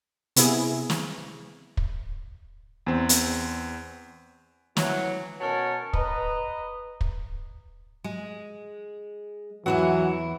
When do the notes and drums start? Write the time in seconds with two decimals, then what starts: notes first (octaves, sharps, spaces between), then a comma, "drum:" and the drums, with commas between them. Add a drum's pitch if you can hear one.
0.36 C3 B3 E4 G#4, drum: hi-hat
0.90 drum: snare
1.77 drum: kick
2.86 E2 C4
3.09 drum: hi-hat
4.77 E3 F#3, drum: snare
5.41 B2 C#4 F#4 A#4 C#5 A5
5.93 B4 D#5 A#5, drum: kick
7.01 drum: kick
8.04 G#3
9.66 E2 E3 F#3 E4 F#5